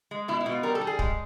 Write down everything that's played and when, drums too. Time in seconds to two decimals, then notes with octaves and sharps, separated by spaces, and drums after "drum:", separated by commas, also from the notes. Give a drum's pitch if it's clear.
0.11 G#3
0.28 B2 E4
0.41 E4
0.46 B2
0.52 F4
0.63 G3 A#4
0.75 A4
0.81 G3
0.87 G#4
0.99 G#3, drum: kick